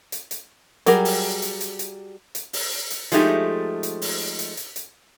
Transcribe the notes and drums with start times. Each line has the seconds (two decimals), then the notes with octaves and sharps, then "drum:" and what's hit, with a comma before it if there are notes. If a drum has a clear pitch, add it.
0.12 drum: hi-hat
0.31 drum: hi-hat
0.86 F#3 G3 G4 G#4 A#4, drum: hi-hat
1.05 drum: open hi-hat
1.42 drum: hi-hat
1.61 drum: hi-hat
1.79 drum: hi-hat
2.35 drum: hi-hat
2.53 drum: open hi-hat
2.90 drum: hi-hat
3.12 F3 G#3 A3 D#4 G4, drum: hi-hat
3.83 drum: hi-hat
4.02 drum: open hi-hat
4.39 drum: hi-hat
4.57 drum: hi-hat
4.76 drum: hi-hat